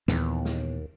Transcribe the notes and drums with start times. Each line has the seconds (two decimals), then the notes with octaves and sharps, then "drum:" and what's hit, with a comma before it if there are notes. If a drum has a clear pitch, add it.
0.08 D#2 A#2 E3 B3, drum: snare
0.45 drum: snare